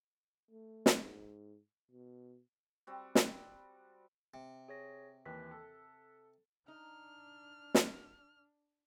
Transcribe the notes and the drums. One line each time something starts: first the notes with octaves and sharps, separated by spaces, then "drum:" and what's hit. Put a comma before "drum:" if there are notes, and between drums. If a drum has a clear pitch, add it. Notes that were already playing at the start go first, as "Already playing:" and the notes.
A3
drum: snare
G#2
B2
G3 C4 F#4
drum: snare
C3
G#4 C#5 A#6
D#2 E3 F#6 B6
A4
D4 D#4 F6
drum: snare